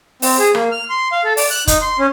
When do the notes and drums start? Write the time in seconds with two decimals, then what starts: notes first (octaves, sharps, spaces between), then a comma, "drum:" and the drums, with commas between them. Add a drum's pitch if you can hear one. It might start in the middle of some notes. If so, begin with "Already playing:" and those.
0.22 C4, drum: open hi-hat
0.39 G#4
0.55 A#3, drum: rim click
0.71 F6
0.90 C6
1.12 F5
1.24 A4
1.37 D5, drum: open hi-hat
1.51 F#6
1.67 D#4, drum: kick, hi-hat
1.82 C6
1.99 C#4